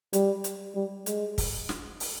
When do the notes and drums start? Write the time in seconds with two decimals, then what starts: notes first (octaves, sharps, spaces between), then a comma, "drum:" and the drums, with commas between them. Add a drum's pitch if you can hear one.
0.13 G3, drum: hi-hat
0.44 drum: hi-hat
0.75 G3
1.06 G#3, drum: hi-hat
1.38 drum: kick, open hi-hat
1.69 drum: snare
2.00 drum: open hi-hat